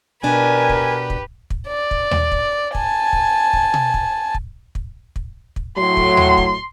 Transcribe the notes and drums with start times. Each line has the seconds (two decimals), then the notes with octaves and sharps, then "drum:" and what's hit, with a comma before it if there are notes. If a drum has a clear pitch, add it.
0.23 B2 D4 G4 A#4 B4 G#5
0.69 drum: kick
1.10 drum: kick
1.50 drum: kick
1.67 D5
1.91 drum: kick
2.11 drum: tom D#2
2.32 drum: kick
2.75 G#5 A5, drum: kick
3.13 drum: kick
3.53 drum: kick
3.74 drum: tom B2
3.94 drum: kick
4.35 drum: kick
4.75 drum: kick
5.16 drum: kick
5.56 drum: kick
5.77 A2 F#3 C6
5.97 drum: kick
6.17 drum: tom D#2
6.37 drum: kick